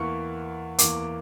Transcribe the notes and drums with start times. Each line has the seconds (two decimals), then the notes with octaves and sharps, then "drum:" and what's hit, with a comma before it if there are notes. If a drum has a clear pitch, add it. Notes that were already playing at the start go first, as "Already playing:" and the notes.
Already playing: E2 E3 A#3 C#6
0.79 E2 E3 A#3 D6, drum: hi-hat